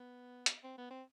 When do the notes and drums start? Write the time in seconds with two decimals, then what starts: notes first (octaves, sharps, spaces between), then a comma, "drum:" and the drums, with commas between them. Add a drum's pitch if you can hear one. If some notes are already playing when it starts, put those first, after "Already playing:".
Already playing: B3
0.46 drum: hi-hat
0.63 C4
0.78 B3
0.91 C4